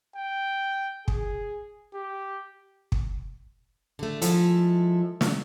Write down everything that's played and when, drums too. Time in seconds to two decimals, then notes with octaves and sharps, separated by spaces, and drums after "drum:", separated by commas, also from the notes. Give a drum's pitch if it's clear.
0.16 G5
1.08 G#4, drum: kick
1.94 G4
2.92 drum: kick
3.99 D3 A3
4.22 F3 G#3 E4 A4, drum: hi-hat
5.21 drum: snare